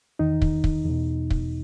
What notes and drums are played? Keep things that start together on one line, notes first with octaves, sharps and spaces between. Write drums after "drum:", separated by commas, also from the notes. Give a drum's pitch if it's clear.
E2 D#3 D#4
drum: kick
drum: kick
E2 B2
drum: kick